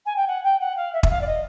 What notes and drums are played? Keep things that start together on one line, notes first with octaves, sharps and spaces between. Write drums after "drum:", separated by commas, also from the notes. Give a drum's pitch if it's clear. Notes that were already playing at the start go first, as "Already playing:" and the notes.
G#5
G5
F#5
G5
F#5
F5
E5
E5, drum: kick
F5
D5
D#5